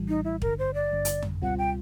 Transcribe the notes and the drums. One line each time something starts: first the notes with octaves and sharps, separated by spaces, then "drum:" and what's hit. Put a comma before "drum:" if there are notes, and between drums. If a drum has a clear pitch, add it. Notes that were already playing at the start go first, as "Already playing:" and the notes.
Already playing: A#1 A2 E3 G3
D#4
E4
G#1 G2 D3 A#4, drum: kick
C5
D5
G#1 G2 D3
drum: hi-hat
drum: tom F2
C#2 B2 G3 C4 F4 F#5
G5